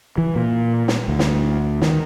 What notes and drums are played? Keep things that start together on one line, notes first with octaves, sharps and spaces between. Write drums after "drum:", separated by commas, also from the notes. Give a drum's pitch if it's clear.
E3
A#2
drum: snare
D2
drum: snare
D#3, drum: snare